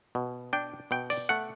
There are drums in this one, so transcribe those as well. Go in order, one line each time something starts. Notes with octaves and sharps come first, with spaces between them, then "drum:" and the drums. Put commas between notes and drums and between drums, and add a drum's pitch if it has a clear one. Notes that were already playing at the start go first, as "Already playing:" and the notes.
B2
D4 G5
B2 G5
D5, drum: open hi-hat
A3 F#5